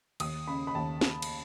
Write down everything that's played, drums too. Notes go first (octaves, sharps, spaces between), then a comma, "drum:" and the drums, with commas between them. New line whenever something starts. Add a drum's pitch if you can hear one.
D#2 D#6, drum: cymbal
C#3 B5
B5
D#2 A5
D#2, drum: snare
drum: cymbal